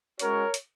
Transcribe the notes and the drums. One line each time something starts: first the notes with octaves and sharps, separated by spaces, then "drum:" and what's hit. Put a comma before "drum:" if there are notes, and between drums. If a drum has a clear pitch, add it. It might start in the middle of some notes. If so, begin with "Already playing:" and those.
G#3 C#4 F#4 A#4 C#5, drum: hi-hat
drum: hi-hat